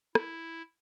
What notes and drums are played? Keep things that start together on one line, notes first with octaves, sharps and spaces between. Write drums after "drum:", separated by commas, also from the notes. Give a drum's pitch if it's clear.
E4, drum: rim click